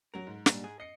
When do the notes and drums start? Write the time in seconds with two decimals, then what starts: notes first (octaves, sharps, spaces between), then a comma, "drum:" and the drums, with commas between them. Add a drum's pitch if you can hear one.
0.14 F#3 A#4 F7
0.27 G#2
0.46 A#2 G3 D4, drum: snare
0.64 G#4
0.80 D#5 C7 C#7